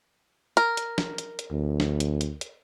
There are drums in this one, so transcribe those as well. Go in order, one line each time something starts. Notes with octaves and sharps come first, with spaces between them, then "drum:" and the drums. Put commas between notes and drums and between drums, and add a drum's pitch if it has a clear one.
A#4, drum: hi-hat
drum: hi-hat
drum: snare
drum: hi-hat
drum: hi-hat
D2
drum: snare
drum: hi-hat
drum: hi-hat
drum: hi-hat